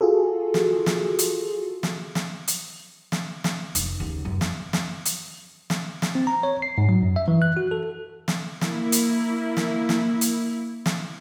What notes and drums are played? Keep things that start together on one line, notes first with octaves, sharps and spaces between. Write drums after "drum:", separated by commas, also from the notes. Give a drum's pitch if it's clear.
F4 F#4 G#4 A4
drum: snare
drum: snare
drum: hi-hat
drum: snare
drum: snare
drum: hi-hat
drum: snare
drum: snare
F1 D4, drum: hi-hat
D#2 C#3
F1 F#2
drum: snare
drum: snare
drum: hi-hat
drum: snare
drum: snare
C4
A#5
C#5
C7
G#2
F#3
F#2
E5
E3
F#6
F#4
A4
drum: snare
A#3 E4, drum: snare
drum: hi-hat
drum: snare
drum: snare
drum: hi-hat
drum: snare